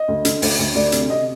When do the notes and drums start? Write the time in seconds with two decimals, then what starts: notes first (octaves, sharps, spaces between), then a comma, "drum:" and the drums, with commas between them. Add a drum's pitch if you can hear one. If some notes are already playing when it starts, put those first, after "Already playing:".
Already playing: D#5
0.08 D2
0.25 D3, drum: hi-hat
0.42 D2, drum: open hi-hat
0.59 D2
0.75 D2 D5
0.92 C3, drum: hi-hat
1.10 C3 D#5